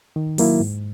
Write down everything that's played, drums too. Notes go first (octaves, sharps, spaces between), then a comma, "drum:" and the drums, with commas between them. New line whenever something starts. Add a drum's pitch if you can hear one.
D#3
F#3 A#3 E4, drum: open hi-hat
G#2